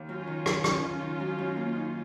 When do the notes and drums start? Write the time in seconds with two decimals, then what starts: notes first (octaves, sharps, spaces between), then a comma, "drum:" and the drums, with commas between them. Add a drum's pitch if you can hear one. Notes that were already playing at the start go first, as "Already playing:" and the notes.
Already playing: D#2
0.08 F#2 C#4 F4
0.27 D#3
0.46 F#2, drum: rim click
0.64 F#2, drum: rim click
0.83 D#3
1.01 D#3
1.20 F#2
1.39 F#2
1.57 A#3
1.75 D#4